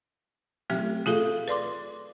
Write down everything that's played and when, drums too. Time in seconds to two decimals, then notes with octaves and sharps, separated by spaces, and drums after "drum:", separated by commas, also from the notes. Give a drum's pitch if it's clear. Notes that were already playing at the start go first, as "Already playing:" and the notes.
0.70 F#3 A3 C4 G4, drum: snare
1.06 F4 G#4 A4 F5, drum: snare
1.48 B4 D5 C6 D6